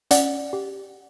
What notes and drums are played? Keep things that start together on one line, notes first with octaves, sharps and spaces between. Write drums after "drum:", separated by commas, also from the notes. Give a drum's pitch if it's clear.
C#4 D5 F#5, drum: hi-hat
G4